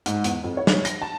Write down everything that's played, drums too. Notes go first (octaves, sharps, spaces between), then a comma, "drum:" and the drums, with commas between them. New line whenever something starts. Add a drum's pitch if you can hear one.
G#2, drum: hi-hat
E2, drum: hi-hat
F2
C#5
drum: snare
A#6, drum: hi-hat
A5